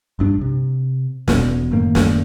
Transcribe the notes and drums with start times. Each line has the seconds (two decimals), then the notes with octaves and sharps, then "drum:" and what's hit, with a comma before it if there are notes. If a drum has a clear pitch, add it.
0.19 A#1 G2 D4
0.41 C3
1.28 E1 E2 B2 B3, drum: snare
1.71 F#2 A2 D#3 A#3
1.95 drum: snare